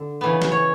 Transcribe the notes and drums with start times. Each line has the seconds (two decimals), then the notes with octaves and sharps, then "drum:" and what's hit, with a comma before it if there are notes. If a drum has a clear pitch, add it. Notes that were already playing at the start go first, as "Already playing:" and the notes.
Already playing: D3 A4
0.21 C#3 E3 B3
0.42 drum: snare
0.52 C#5